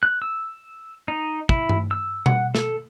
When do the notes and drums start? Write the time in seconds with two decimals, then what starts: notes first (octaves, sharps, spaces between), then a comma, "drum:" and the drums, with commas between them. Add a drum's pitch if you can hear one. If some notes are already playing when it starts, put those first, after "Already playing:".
0.03 F#6
0.22 E6
1.08 D#4
1.49 E4, drum: kick
1.69 drum: tom G2
1.91 E6
2.26 F#5, drum: tom B2
2.55 A4, drum: snare